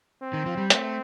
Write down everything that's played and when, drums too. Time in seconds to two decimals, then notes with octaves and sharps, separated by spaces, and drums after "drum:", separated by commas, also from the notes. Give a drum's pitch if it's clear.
0.21 C4
0.33 D#3
0.46 F3
0.57 G3
0.70 A3 C4, drum: hi-hat